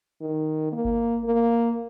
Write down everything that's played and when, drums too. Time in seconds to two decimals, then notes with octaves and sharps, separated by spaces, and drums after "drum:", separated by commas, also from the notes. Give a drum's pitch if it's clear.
0.21 D#3
0.72 A#3
0.85 drum: kick G1
1.24 A#3